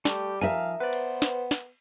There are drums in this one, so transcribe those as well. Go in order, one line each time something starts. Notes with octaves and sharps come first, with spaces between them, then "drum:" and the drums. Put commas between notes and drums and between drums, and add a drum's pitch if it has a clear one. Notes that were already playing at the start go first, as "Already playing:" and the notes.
G3 A3 G4, drum: snare
F3 D#4 A#4 E5 F5 G#5
B3 B4 C5 D5
drum: cymbal
drum: snare
drum: snare